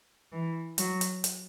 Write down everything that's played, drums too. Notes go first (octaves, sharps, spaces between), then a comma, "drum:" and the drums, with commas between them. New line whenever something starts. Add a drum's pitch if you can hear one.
E3
F#3, drum: hi-hat
drum: hi-hat
drum: hi-hat